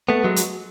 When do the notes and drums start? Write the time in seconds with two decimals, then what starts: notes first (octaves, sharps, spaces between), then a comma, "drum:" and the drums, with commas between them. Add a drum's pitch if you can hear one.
0.09 A3 B3
0.24 F#3 G#3
0.36 drum: hi-hat